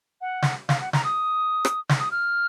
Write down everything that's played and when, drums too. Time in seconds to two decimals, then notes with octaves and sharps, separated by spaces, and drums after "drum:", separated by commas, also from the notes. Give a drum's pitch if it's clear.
0.21 F#5
0.42 drum: snare
0.69 F5, drum: snare
0.81 F#5
0.93 A#5, drum: snare
1.05 D#6
1.65 drum: rim click
1.89 drum: snare
2.00 D#6
2.12 F6